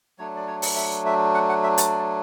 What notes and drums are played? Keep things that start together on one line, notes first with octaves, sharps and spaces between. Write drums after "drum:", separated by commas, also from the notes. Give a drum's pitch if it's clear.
F#3 A3 D4 C#5
D5
C#5
drum: open hi-hat
E5
E5
F#5
F#5
E5
D5, drum: hi-hat